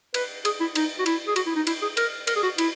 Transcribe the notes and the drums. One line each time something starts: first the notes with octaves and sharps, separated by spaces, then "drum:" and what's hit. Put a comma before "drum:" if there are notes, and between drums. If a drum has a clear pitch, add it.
B4, drum: cymbal
G#4, drum: cymbal
E4
D#4, drum: cymbal
F#4
E4, drum: cymbal
G#4
F#4, drum: cymbal
E4
D#4
E4, drum: cymbal
G#4
A#4, drum: cymbal
A#4, drum: cymbal
G#4
F#4
E4, drum: cymbal